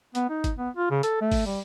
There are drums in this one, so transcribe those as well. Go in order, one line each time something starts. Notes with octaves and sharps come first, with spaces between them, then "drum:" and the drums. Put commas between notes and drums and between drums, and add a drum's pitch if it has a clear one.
B3, drum: hi-hat
D#4
drum: kick, hi-hat
B3
F4
C#3
A4, drum: hi-hat
A3
drum: kick, open hi-hat
G3